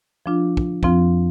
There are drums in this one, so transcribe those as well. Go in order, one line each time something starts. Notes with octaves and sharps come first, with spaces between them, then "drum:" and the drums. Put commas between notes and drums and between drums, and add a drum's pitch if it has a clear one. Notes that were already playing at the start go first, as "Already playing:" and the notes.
F3 D4 F4
drum: kick
F2 F3 C4 F4, drum: kick